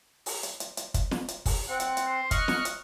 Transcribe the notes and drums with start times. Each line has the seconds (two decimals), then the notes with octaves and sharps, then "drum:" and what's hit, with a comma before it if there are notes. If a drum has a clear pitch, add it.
0.26 drum: open hi-hat
0.43 drum: hi-hat
0.60 drum: hi-hat
0.77 drum: hi-hat
0.94 drum: kick, hi-hat
1.11 drum: snare
1.28 drum: hi-hat
1.46 drum: kick, open hi-hat
1.69 C4 F#5
1.80 drum: hi-hat
1.97 drum: hi-hat
2.06 C5
2.31 D#5 C#6 F6 F#6, drum: kick, hi-hat
2.48 drum: snare
2.65 drum: hi-hat